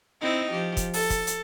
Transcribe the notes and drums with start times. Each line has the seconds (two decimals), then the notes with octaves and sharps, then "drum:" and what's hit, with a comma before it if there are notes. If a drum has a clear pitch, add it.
0.21 C4 D#4 E4
0.52 F3 G4
0.77 drum: kick, hi-hat
0.93 A4, drum: open hi-hat
1.10 drum: kick, hi-hat
1.27 drum: hi-hat